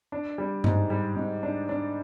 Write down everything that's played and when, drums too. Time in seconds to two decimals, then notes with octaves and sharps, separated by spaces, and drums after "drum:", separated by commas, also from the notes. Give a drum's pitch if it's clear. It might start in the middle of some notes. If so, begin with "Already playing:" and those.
0.12 D4
0.38 G3
0.64 G#2, drum: tom G2
0.90 G3
1.16 G#2
1.43 D4
1.69 D4